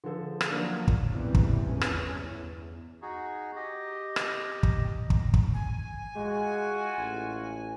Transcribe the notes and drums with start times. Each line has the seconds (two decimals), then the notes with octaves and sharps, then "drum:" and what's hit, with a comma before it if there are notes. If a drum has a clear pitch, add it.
0.04 D3 F3 G#4 A4 C5
0.41 drum: rim click
0.51 F3 F#3 A#3 D4
0.88 drum: kick
1.12 C#3 E3 G3 B3 C4
1.35 drum: kick
1.67 G1 E2 G2 C#4
1.81 drum: rim click
2.20 E2
3.02 D#4 F#4 G#4
3.56 G4 D#5
4.16 drum: rim click
4.63 drum: kick
5.10 drum: kick
5.34 drum: kick
5.54 G#5
6.16 G#3 F4 F#4
6.98 A1